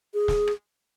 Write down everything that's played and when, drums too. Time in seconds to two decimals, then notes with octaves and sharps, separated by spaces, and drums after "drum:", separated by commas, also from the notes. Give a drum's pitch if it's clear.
0.14 G#4
0.28 drum: snare
0.48 drum: rim click